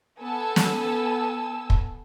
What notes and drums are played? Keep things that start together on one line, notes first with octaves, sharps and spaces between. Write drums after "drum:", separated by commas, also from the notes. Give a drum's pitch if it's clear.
B3 A4 G#5 A5 E6
drum: snare
drum: kick